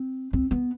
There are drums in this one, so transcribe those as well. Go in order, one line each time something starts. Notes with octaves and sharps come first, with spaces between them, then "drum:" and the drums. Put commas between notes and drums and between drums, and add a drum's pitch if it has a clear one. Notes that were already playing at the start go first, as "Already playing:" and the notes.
Already playing: C4
C4, drum: kick
B3